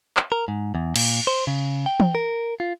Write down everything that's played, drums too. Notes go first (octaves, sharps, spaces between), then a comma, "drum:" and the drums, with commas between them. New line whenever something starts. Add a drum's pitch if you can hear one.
drum: clap
A#4
G#2
E2
A#2, drum: cymbal
C5
C#3
G5
drum: tom E3
A#4
F4